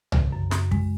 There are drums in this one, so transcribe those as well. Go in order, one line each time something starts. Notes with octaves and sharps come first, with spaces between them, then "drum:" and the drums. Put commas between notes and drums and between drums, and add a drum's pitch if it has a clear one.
C#3, drum: tom C2
F#2
F#2, drum: snare
G#3, drum: kick